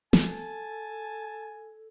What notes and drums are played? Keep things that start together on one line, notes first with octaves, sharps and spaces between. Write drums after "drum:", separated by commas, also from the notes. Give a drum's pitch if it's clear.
A4 G#5 A5, drum: snare